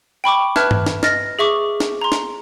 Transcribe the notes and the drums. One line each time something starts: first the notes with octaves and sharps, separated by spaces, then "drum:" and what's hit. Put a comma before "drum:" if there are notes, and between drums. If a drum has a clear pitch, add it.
G5 B5 C#6 D6
B4 E5 A5 F6 F#6 G#6, drum: snare
drum: tom G2
drum: snare
D#5 F6 A6 A#6, drum: snare
G#4 E5 C#6 D6
drum: snare
A#5 C6
drum: snare